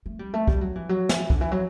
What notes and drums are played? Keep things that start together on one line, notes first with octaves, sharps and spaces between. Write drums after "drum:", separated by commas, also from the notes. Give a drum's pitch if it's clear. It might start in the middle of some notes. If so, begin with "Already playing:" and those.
A3
G3
A3
G3, drum: kick
F#3
E3
F#3
E3, drum: snare
D3, drum: kick
E3
F#3